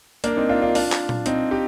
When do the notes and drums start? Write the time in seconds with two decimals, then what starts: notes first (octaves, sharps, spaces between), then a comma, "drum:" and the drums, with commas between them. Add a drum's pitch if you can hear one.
0.24 A#3 D4, drum: hi-hat
0.37 C4 D#4
0.49 D4 F4
0.62 D4 F4
0.75 D4 F4, drum: open hi-hat
0.92 drum: clap
1.09 drum: tom A#2
1.26 C4 D#4, drum: hi-hat
1.51 D#4 G4